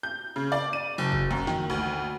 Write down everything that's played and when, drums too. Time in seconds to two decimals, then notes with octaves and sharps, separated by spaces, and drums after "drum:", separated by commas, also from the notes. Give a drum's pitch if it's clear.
0.03 G6
0.36 C#3
0.52 D5
0.73 D#7
0.98 F#1
1.12 drum: kick
1.31 F#2
1.47 D#3, drum: snare
1.70 D2